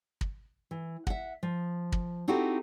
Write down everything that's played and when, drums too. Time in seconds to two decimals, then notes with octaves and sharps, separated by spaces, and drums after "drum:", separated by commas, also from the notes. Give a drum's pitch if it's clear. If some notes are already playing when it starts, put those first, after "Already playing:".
0.21 drum: kick
0.71 E3
1.07 E5 F#5, drum: kick
1.43 F3
1.92 drum: kick
2.28 C4 D#4 E4 F#4 G4 A4